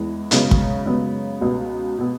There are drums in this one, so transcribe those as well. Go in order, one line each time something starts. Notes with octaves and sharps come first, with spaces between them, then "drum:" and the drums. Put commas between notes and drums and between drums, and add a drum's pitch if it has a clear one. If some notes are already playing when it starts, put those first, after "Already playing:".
Already playing: E2 E3 G#3
F#2 C#3 G#3 B3, drum: hi-hat
drum: kick
F#2 C#3 G#3 B3
C#2 B2 B3
B2 B3